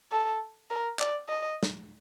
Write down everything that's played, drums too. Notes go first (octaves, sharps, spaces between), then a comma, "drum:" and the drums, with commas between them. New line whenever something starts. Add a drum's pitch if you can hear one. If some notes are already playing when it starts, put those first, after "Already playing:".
A4
A#4
D5, drum: clap
D#5
drum: snare